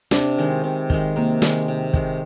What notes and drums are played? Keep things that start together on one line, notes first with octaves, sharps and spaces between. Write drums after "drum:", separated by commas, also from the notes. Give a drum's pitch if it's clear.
C3 D4, drum: snare
D#3 G#3
C3
D#3 G#3, drum: kick
C3 A#3
D#3 G#3, drum: snare
C3
D#3 G#3, drum: kick